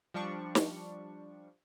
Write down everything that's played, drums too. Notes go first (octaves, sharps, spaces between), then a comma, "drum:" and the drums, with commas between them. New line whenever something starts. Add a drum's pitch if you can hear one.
F3 G3 D4 C#6
drum: snare